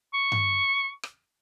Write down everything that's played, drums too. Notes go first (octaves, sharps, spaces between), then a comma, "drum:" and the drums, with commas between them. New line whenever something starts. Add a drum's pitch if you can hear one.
C#6
drum: tom G2
drum: rim click